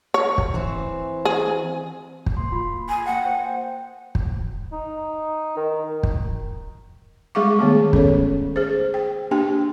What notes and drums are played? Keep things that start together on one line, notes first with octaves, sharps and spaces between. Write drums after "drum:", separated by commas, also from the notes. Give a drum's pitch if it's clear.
C#5
drum: kick
E3 C4
G#4
drum: kick
A#3 C6
F4 B5
G#5
A#3 F#5 G5
C5 G5
drum: kick
D#4
D#3
drum: kick
G3 G#3 G#4 F5 C#6 D6
D#3 A3 B3 G#4
C#4 A4 C#5, drum: kick
G#4 C5
G5
A#3 D4 G4 G5